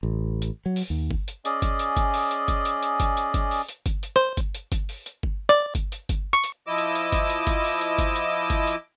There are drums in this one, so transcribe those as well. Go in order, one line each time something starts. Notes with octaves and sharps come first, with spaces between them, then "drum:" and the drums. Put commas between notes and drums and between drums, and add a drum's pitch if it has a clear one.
A1
drum: hi-hat
F#3
drum: open hi-hat
D#2
drum: kick G1
drum: hi-hat
C#4 G#4 D5 D#5, drum: hi-hat
drum: kick G1, hi-hat
drum: hi-hat
drum: kick G1, hi-hat
drum: open hi-hat
drum: hi-hat
drum: kick G1, hi-hat
drum: hi-hat
drum: hi-hat
drum: kick G1, hi-hat
drum: hi-hat
drum: kick G1, hi-hat
drum: open hi-hat
drum: hi-hat
drum: kick G1, hi-hat
drum: hi-hat
C5
drum: kick G1, hi-hat
drum: hi-hat
drum: kick G1, hi-hat
drum: open hi-hat
drum: hi-hat
drum: kick G1
D5
drum: kick G1, hi-hat
drum: hi-hat
drum: kick G1, hi-hat
C#6
drum: hi-hat
F3 E4 D#5 D6 E6
drum: hi-hat
drum: hi-hat
drum: kick G1, hi-hat
drum: hi-hat
drum: kick G1, hi-hat
drum: open hi-hat
drum: hi-hat
drum: kick G1, hi-hat
drum: hi-hat
drum: kick G1, hi-hat
drum: hi-hat